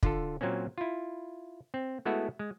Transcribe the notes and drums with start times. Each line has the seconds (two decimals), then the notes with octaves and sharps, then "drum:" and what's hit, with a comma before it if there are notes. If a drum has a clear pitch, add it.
0.03 D3 F4 A4, drum: kick
0.41 A#2 F#3 A#3 C4 C#4
0.78 E4 F4
1.74 C4
2.05 G#3 A3 B3 E4 F#4 A4
2.39 G#3